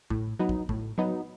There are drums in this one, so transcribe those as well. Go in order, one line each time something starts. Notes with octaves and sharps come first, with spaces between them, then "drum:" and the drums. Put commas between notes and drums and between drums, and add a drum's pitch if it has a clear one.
A2, drum: kick
F#3 B3 D#4
drum: kick
A2, drum: kick
F#3 B3 D#4